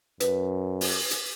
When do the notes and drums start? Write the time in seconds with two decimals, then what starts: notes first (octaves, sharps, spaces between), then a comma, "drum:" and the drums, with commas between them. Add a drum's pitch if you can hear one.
0.20 F#2 B4, drum: hi-hat
0.81 drum: open hi-hat
1.11 drum: hi-hat